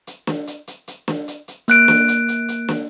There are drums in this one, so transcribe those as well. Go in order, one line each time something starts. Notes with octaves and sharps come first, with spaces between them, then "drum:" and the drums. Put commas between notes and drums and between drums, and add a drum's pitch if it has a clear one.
drum: hi-hat
drum: snare
drum: hi-hat
drum: hi-hat
drum: hi-hat
drum: snare
drum: hi-hat
drum: hi-hat
A#3 F#6 D7, drum: hi-hat
drum: snare
drum: hi-hat
drum: hi-hat
drum: hi-hat
drum: snare